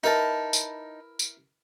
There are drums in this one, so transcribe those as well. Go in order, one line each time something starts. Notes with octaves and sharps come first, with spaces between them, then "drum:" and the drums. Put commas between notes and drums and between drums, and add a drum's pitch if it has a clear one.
D#4 E4 A#4 B4 A5
drum: tambourine
drum: tambourine